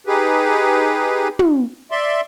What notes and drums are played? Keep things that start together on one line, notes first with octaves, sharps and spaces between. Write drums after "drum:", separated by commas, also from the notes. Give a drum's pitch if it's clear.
D#4 G4 G#4 B4
drum: tom
D5 E5 C6